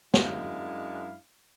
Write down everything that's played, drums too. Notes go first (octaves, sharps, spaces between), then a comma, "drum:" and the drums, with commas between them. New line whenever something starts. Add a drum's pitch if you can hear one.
F#2 G#3 D4 E4 F5, drum: snare